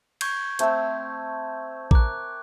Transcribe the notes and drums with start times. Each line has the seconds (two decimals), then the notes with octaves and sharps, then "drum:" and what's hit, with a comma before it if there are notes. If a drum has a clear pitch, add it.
0.21 C#6 G6 G#6, drum: cymbal
0.59 A3 C4, drum: hi-hat
1.91 A#4 D6 F#6, drum: kick A1